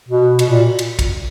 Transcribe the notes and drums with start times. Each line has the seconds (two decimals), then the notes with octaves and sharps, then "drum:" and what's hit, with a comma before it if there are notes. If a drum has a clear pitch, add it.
0.09 B2
0.39 B2, drum: cymbal
0.50 A#2
0.79 drum: cymbal
0.99 drum: kick A1, cymbal